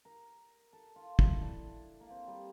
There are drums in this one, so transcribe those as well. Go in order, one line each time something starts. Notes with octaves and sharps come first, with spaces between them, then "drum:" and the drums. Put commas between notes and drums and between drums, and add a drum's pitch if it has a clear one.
A#4
A4
F4
E4, drum: kick
D4
A#3
C4
G3